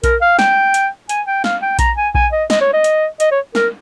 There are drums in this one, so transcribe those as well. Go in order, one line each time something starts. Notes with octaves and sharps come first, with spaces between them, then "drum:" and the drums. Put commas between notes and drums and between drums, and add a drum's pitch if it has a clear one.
A#4, drum: kick A#1, hi-hat
F5
G5, drum: snare
drum: hi-hat
G#5, drum: hi-hat
G5
F5, drum: snare
G5
A#5, drum: kick A#1, hi-hat
G#5
G#5, drum: kick A#1
D#5
D#5, drum: snare
C#5
D#5
drum: hi-hat
D#5, drum: hi-hat
C#5
A#4, drum: snare